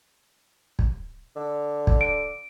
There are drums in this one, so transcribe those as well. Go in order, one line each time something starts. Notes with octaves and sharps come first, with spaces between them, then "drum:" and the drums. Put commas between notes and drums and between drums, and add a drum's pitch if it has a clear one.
drum: kick
D3
drum: kick
D7